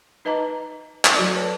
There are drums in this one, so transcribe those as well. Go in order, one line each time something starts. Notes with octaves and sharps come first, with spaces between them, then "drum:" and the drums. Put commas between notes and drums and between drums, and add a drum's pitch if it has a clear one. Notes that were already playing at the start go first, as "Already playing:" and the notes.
D#4 B4 D#5 A5 A#5 D6
drum: clap
F#3 F#4 A4 D5
A4 B4 C#5 A5